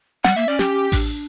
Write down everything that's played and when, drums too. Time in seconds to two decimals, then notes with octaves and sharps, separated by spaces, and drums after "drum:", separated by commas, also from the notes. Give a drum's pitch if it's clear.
0.24 G3 F#5, drum: snare
0.36 A#3 E5
0.48 C#4 D5
0.59 G4, drum: snare
0.92 D4, drum: kick A1, open hi-hat